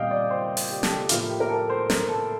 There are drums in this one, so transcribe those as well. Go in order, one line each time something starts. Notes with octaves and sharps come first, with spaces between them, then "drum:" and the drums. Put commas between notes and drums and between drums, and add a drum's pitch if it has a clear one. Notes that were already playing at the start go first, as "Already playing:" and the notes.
Already playing: A#2 G3 C4 D#5 F5 G5
D5
C5
drum: open hi-hat
G4
A4, drum: snare
G4
A2 F3 A#3 F4, drum: hi-hat
G4
A#4
A4
C5
A#4, drum: snare
A4